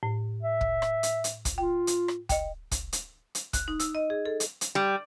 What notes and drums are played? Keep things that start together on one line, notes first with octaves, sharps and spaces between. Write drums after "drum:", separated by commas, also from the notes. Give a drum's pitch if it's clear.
A2
E5
drum: kick
drum: rim click
drum: hi-hat
drum: hi-hat
drum: kick, hi-hat
F4 G5
drum: hi-hat
drum: rim click
D#5 G5, drum: kick, hi-hat
drum: kick, hi-hat
drum: hi-hat
drum: hi-hat
F#6, drum: kick, hi-hat
D#4
E6, drum: hi-hat
D#5
G#4
A4
drum: hi-hat
drum: hi-hat
G3